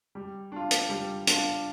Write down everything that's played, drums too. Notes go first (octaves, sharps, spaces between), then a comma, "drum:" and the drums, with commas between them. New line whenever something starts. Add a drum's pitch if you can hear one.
G3
D4 F4
drum: hi-hat
G3
D4 F4, drum: hi-hat